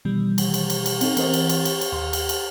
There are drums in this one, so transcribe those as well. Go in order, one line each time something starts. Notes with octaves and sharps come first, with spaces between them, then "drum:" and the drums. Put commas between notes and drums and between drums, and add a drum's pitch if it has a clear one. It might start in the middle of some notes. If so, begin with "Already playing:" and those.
B2 D#3 E3 G3
drum: cymbal
drum: cymbal
drum: cymbal
drum: cymbal
C4 D#4 A4, drum: cymbal
E3 C4 A#4 C5 D#5, drum: cymbal
drum: cymbal
drum: cymbal
drum: cymbal
drum: cymbal
D#2 C6
drum: cymbal
A5, drum: cymbal